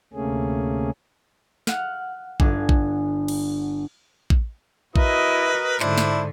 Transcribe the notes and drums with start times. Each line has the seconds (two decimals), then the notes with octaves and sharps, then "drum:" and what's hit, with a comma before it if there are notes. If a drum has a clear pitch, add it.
0.13 D2 C3 A3 A#3 C#4 G#4
1.67 F#5 F6, drum: snare
2.40 G1 D4 G#5, drum: kick A1
2.69 drum: kick A1
3.28 drum: cymbal
4.30 drum: kick A1
4.96 E4 F#4 A#4 B4 D#5 D#6, drum: kick A1
5.80 G#2 D3 D4 E4 C5, drum: clap
5.98 drum: snare